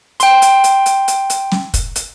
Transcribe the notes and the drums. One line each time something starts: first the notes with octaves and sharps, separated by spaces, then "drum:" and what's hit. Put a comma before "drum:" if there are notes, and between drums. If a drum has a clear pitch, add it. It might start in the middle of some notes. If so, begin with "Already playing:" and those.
G5 C6, drum: hi-hat
drum: hi-hat
drum: hi-hat
drum: hi-hat
drum: hi-hat
drum: hi-hat
drum: snare
drum: kick, hi-hat
drum: hi-hat